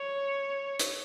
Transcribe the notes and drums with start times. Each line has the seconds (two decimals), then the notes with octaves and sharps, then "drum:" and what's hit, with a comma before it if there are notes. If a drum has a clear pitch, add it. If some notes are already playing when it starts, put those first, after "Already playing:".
Already playing: C#5
0.79 drum: hi-hat